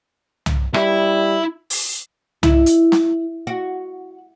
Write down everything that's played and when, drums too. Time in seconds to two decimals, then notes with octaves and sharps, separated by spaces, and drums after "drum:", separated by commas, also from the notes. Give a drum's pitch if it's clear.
0.46 drum: tom C2
0.74 G3 E4, drum: rim click
1.70 drum: open hi-hat
2.43 E4, drum: tom C2
2.66 drum: hi-hat
2.92 drum: snare
3.47 F#4